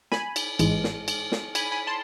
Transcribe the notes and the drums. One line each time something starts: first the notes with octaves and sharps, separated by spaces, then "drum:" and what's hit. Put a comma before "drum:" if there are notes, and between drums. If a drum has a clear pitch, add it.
G#5 B5, drum: snare
drum: cymbal
A1 G#2 E3 G#3, drum: cymbal
drum: snare
drum: cymbal
drum: snare
G#5 B5, drum: cymbal
G#5 B5
A5 C6